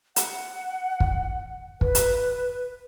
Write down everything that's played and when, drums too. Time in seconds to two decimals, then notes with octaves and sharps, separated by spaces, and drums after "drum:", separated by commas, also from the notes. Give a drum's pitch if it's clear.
0.16 F#5, drum: hi-hat
1.00 drum: kick
1.81 B4, drum: kick
1.95 drum: hi-hat